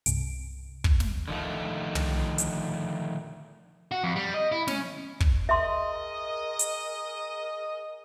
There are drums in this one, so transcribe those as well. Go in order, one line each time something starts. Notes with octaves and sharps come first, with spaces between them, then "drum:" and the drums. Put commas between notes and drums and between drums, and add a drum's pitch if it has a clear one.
C2 G2 C3 D7, drum: hi-hat
drum: kick
drum: snare
D3 D#3 F3 A3
drum: tom
drum: hi-hat
F#4
F2
G3
D#5
E4
C#4, drum: snare
drum: kick
G#4 A#4 D#5 E5 C6
drum: hi-hat